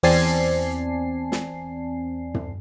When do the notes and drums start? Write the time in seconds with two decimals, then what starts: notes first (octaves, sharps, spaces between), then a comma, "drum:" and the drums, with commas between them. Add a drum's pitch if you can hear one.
0.03 E2 C4 D5 G#5 A5 C7, drum: open hi-hat
1.32 drum: snare
2.34 drum: tom